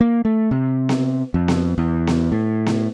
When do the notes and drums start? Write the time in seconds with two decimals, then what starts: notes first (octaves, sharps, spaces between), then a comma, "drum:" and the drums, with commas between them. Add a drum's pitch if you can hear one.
0.01 A#3
0.25 A3
0.51 C3
0.89 drum: snare B3
1.34 F2
1.48 drum: snare B3
1.78 E2
2.07 drum: snare B3
2.32 A2
2.66 drum: snare B3